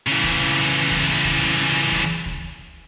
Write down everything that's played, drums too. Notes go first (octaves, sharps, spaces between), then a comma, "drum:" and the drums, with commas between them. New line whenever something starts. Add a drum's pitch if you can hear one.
C#3 E3
drum: kick D2
drum: kick D2
drum: kick D2
drum: kick D2
drum: kick D2